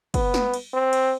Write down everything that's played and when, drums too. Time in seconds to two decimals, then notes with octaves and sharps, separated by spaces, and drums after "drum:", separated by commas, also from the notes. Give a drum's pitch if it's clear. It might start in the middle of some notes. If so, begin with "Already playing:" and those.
0.14 B3, drum: kick, cymbal
0.34 drum: snare
0.54 drum: cymbal
0.73 C4
0.93 drum: cymbal